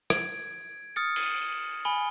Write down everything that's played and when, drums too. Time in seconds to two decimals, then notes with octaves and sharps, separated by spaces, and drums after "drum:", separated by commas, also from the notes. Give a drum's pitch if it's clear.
0.10 G#6 D7, drum: rim click
0.96 D#6 F6 A6 C#7
1.16 drum: cymbal
1.85 G#5 B5 G7